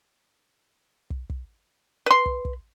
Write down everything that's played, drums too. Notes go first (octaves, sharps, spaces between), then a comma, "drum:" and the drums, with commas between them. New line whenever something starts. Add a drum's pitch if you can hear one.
drum: kick
drum: kick
B4 C6
drum: kick
drum: kick